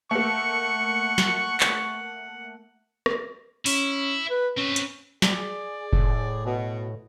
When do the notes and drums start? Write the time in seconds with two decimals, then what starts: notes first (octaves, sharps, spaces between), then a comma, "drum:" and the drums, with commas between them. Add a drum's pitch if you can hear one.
0.11 A3 A#3 F#5 C#6
1.18 drum: snare
1.60 drum: clap
3.06 drum: rim click
3.66 C#4 E4, drum: open hi-hat
4.30 B4
4.57 C4 C#4 B4
4.76 drum: hi-hat
5.22 G#4 D5, drum: snare
5.93 A2, drum: kick F1
6.45 B2